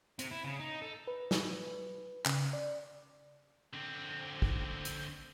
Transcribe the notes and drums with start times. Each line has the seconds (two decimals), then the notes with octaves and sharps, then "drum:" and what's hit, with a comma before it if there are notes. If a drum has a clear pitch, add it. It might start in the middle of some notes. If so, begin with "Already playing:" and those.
0.19 C3, drum: hi-hat
0.31 E4
0.44 C#3
0.60 D#4
0.82 A4
1.07 B4
1.31 drum: snare
2.26 C#3, drum: clap
2.53 D5
3.73 D3 C4
4.42 drum: kick
4.85 drum: hi-hat